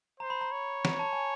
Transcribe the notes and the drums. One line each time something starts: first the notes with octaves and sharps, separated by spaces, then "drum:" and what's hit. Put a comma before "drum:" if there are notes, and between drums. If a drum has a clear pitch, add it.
C5 A#5
B5
A#5
C#5
A#5, drum: snare
A5
G#5